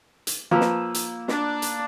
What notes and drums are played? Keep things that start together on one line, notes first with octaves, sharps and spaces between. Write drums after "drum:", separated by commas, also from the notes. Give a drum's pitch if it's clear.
drum: hi-hat
F3 A#3 B4 E6
drum: snare
drum: hi-hat
D4, drum: snare
drum: hi-hat